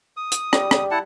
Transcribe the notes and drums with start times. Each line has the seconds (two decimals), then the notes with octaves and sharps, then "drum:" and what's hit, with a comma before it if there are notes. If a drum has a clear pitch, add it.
0.17 D#6
0.32 drum: hi-hat
0.53 G3, drum: rim click
0.71 drum: rim click
0.91 E4 F#5 A5